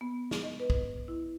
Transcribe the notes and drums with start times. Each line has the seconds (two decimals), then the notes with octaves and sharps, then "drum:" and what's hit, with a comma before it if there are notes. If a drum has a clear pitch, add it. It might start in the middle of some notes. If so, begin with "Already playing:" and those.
0.01 B3
0.31 drum: snare
0.43 D#5
0.60 B4
0.70 drum: kick
1.08 E4